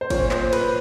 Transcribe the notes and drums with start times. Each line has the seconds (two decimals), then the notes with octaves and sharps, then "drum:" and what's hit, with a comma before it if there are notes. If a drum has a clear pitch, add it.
0.01 C5
0.10 A#2 C#5, drum: kick, cymbal
0.31 C5, drum: clap
0.53 B4, drum: cymbal